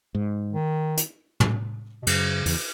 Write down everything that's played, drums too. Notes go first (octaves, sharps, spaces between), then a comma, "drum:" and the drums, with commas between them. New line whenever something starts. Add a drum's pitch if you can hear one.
G#2
D#3
drum: hi-hat
drum: tom
B2
F#2 C#3, drum: cymbal
E2, drum: open hi-hat